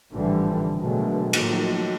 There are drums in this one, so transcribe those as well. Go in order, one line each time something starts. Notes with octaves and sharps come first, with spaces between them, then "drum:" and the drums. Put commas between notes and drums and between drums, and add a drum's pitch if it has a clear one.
G#1 A2 D3 E3 F3 G3
B2 D3 D#3 F#3 G#3 A3
A2 D#3 F3 F#3 A#3, drum: cymbal